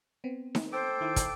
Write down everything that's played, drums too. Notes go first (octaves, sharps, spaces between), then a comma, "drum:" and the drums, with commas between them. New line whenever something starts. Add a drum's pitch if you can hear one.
B3 C4
drum: snare D#4
A4 C5 G5 D6
D#3 E4
drum: kick, hi-hat